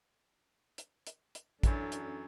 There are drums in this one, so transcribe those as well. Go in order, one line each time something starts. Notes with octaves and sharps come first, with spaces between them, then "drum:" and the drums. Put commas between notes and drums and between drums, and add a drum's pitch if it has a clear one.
drum: hi-hat
drum: hi-hat
drum: hi-hat
F#2 E3 F#3 C#4 D4 A4, drum: kick, hi-hat
drum: hi-hat